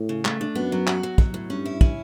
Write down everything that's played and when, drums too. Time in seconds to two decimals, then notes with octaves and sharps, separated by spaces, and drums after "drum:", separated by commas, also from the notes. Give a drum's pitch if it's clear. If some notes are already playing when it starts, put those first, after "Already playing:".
Already playing: A2
0.09 C#3
0.25 A3, drum: clap
0.41 D4
0.55 F#2 B3
0.72 F#3
0.87 F#4, drum: clap
1.03 F#3
1.18 F#3, drum: kick
1.34 A2
1.50 G2 C#4
1.65 E4
1.81 C#4, drum: kick